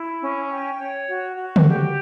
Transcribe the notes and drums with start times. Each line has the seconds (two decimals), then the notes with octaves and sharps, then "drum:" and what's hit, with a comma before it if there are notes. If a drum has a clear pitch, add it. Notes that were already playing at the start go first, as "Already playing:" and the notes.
Already playing: E4
0.21 C#4
0.50 G5
0.79 C#5
1.08 F#4
1.36 F#4
1.56 drum: tom
1.65 G4